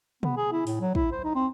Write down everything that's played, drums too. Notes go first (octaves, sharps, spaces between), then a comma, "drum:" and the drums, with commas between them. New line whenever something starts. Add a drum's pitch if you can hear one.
B3, drum: tom
G#4
E4
A2, drum: open hi-hat
F#3
E4, drum: kick
C5
D#4
C4